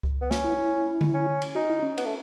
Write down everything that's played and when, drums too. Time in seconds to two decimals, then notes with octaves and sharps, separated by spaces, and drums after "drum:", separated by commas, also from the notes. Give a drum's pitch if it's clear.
0.03 drum: kick C#2
0.21 B3
0.31 C#4, drum: snare
0.44 E4
0.58 E4
1.01 drum: tom D3
1.14 C#4
1.42 drum: cymbal
1.55 D#4 F#4
1.70 E4
1.83 C#4
1.98 B3, drum: cymbal
2.05 A3